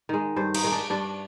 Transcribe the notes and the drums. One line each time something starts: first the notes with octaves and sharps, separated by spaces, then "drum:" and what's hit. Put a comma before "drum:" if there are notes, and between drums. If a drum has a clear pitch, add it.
D#3 G#3
G2 C5
D#4, drum: cymbal
D#3 G#3
D4
G2 D4